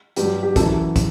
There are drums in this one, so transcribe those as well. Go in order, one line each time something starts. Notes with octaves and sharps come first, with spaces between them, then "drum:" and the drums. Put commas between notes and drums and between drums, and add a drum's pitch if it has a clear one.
G2 F#3 G4, drum: hi-hat
G4
F#2 E3 A4, drum: kick, hi-hat
drum: kick, hi-hat